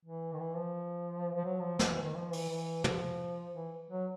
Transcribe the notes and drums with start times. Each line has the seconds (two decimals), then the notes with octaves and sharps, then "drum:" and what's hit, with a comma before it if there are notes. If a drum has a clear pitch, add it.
0.05 E3
0.33 D#3
0.39 E3
0.56 F3
1.35 F3
1.45 F#3
1.62 F3
1.79 F3, drum: snare
1.91 E3
2.02 D#3
2.15 F3
2.33 E3, drum: open hi-hat
2.49 E3
2.84 F3, drum: tom
3.55 E3
3.91 F#3